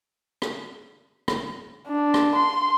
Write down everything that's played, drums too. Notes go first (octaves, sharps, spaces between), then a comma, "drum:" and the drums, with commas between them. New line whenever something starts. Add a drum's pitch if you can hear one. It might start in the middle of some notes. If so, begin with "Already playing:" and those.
drum: rim click
drum: rim click
D4
drum: rim click
C6